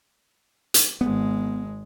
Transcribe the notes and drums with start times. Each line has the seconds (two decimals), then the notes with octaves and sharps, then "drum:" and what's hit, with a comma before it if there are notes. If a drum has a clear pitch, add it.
0.74 drum: hi-hat
1.01 G#1 G#3 B3